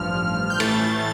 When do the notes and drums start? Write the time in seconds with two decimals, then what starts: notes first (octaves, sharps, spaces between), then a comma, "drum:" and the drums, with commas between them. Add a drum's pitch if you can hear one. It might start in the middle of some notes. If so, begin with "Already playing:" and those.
Already playing: A1 G2 F3 F6
0.50 G6
0.60 A1 A2 E3 A3 A6, drum: cymbal